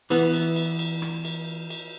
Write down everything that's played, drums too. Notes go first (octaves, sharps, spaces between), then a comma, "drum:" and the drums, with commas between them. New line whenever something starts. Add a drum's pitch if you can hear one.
E3 B3, drum: cymbal
drum: cymbal
drum: cymbal
drum: cymbal
drum: rim click
drum: cymbal
drum: cymbal